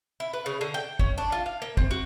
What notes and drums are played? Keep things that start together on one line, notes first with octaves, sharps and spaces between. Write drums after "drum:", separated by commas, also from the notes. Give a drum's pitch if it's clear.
E4
B4
C#3
D3
G5
C#4, drum: kick
D4
F4
F5
A#3
C4, drum: kick
F#4